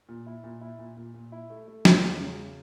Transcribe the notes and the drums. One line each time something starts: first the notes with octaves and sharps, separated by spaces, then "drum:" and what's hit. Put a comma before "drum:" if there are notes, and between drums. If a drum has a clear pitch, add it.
A#2
E4
A#2
E4
A#2
A#2
A#2
E4
A3
A3
C#3, drum: snare
E2
C#3